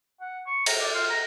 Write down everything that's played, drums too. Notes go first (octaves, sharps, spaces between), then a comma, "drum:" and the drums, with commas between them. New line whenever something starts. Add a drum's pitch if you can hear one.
F#5
C#6
A#5, drum: cymbal
D5
F4
A#5